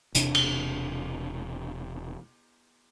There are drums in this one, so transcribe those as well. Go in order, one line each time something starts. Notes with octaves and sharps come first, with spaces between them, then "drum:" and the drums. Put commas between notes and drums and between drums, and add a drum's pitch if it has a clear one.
E1 C3 D4, drum: hi-hat
drum: cymbal